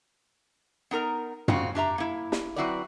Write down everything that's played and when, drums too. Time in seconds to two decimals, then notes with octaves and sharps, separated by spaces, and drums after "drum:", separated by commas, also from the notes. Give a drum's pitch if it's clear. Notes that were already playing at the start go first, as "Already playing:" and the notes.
0.91 B3 D#4 A#4 A#5
1.48 G2 C#3 C4 F4 F#4, drum: tom
1.75 D4 G4 E5 A#5
1.98 A#3 E4
2.32 drum: snare
2.56 F#3 C4 E4 F#4 B4 D5